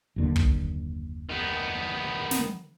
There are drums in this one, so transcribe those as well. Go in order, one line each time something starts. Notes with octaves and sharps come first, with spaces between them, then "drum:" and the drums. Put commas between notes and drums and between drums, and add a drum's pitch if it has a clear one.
F#1 D#2 D3
drum: kick
D#3 B3
drum: snare